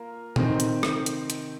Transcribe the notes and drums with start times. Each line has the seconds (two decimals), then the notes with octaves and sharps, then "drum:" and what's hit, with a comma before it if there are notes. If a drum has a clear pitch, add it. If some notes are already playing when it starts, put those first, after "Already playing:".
Already playing: A#3 F4 A#4
0.36 C3 D#3 C4 D#4, drum: tom A#2
0.60 drum: hi-hat
0.83 drum: rim click
1.06 drum: hi-hat
1.30 drum: hi-hat